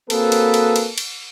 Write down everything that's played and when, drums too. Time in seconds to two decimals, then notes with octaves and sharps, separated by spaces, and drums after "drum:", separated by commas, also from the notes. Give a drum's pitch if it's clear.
0.10 A#3 C4 F#4 G#4 A4 B4, drum: cymbal
0.32 drum: cymbal
0.54 drum: cymbal
0.76 drum: cymbal
0.98 drum: cymbal